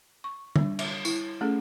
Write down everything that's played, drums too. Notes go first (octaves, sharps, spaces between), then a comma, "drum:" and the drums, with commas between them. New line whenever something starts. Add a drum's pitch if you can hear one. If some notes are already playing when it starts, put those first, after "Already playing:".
C#6
G3 D4, drum: tom
E5, drum: cymbal
E4, drum: tambourine
A3 C#4 G#4 A4